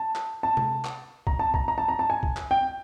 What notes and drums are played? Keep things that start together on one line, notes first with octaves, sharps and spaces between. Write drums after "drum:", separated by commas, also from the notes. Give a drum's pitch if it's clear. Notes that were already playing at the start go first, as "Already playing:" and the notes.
Already playing: A5
drum: clap
A5
drum: tom C3
drum: clap
A#5, drum: kick B1
A5
A#5, drum: kick B1
A#5
A5
A#5
A5
G#5
drum: kick B1
drum: clap
G5